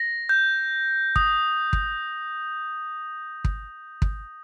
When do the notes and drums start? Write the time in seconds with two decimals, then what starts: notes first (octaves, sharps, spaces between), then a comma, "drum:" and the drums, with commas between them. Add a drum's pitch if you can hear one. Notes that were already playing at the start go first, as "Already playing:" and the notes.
Already playing: A#6
0.29 G6
1.16 D#6, drum: kick
1.73 drum: kick
3.45 drum: kick
4.02 drum: kick